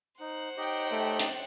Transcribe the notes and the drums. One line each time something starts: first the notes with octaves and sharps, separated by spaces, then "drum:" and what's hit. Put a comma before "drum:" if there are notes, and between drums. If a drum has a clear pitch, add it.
D#4 C5 F#5
D#4 G4 C#5 D#5 G5
A3
drum: hi-hat